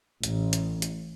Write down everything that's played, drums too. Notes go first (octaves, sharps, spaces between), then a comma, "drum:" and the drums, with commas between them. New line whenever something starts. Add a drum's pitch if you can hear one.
A1, drum: hi-hat
drum: hi-hat
drum: hi-hat